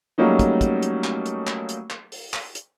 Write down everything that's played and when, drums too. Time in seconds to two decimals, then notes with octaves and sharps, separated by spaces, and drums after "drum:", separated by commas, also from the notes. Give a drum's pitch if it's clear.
0.18 F#3 G3 A3 A#3 C#4 D#4
0.39 drum: kick, hi-hat
0.61 drum: kick, hi-hat
0.82 drum: hi-hat
1.04 drum: clap
1.26 drum: hi-hat
1.47 drum: clap
1.69 drum: hi-hat
1.90 drum: clap
2.12 drum: open hi-hat
2.34 drum: clap
2.55 drum: hi-hat